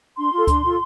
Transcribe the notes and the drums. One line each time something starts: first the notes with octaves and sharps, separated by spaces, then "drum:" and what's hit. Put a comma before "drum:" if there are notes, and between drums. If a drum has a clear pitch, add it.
D4 C6
F4 A4
D4, drum: kick C#2, hi-hat
F4 A4